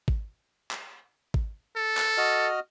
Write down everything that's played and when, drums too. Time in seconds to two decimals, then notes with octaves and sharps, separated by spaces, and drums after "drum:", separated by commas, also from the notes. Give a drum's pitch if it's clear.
0.08 drum: kick G#1
0.71 drum: clap
1.34 drum: kick G#1
1.76 A4
1.97 drum: clap
2.18 F#4 D#5 F6